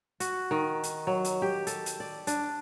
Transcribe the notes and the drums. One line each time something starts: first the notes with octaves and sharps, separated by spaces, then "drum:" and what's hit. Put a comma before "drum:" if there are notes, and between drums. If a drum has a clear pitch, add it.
F#4, drum: hi-hat
D#3
drum: hi-hat
F#3
drum: hi-hat
G4
A4, drum: hi-hat
drum: hi-hat
D5
D4, drum: hi-hat